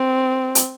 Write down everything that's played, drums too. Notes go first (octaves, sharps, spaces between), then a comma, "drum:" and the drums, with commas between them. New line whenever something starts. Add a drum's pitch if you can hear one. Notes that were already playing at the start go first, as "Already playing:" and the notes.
Already playing: C4
drum: hi-hat